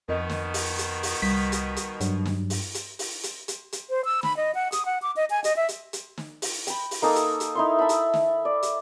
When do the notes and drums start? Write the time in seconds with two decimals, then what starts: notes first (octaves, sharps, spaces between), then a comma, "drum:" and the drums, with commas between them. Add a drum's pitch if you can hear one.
0.09 F2 B2 D#3 A#4 D#5
0.29 drum: snare
0.54 drum: open hi-hat
0.78 drum: hi-hat
1.03 drum: open hi-hat
1.22 C2 G3 B6
1.52 drum: hi-hat
1.76 drum: hi-hat
2.00 G2 F#3, drum: hi-hat
2.25 drum: snare
2.50 drum: open hi-hat
2.74 drum: hi-hat
2.99 drum: open hi-hat
3.23 drum: hi-hat
3.48 drum: hi-hat
3.72 drum: hi-hat
3.90 C5
4.05 E6
4.23 B5, drum: snare
4.37 D#5
4.55 F#5
4.72 D#6, drum: hi-hat
4.86 F#5
5.02 D6
5.16 D#5
5.30 G#5
5.44 D#5, drum: hi-hat
5.56 E5
5.69 drum: hi-hat
5.93 drum: hi-hat
6.18 drum: snare
6.42 drum: open hi-hat
6.67 G5 B5, drum: hi-hat
6.91 drum: open hi-hat
7.02 A#3 D#4 A4 G#5
7.16 drum: hi-hat
7.40 drum: hi-hat
7.55 D#4 E4 C6
7.79 E5 A5 B5
7.89 drum: hi-hat
8.14 drum: snare
8.45 D5
8.63 drum: hi-hat